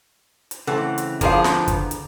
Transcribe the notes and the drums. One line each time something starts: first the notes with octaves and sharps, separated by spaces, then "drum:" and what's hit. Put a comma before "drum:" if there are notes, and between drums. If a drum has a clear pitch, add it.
drum: hi-hat
C#3 E3 A3 C4 A4 F#5
drum: hi-hat
D3 F3 B3 E4 G#4 A#4 C5 F5, drum: kick, hi-hat
drum: snare
drum: kick, hi-hat
drum: hi-hat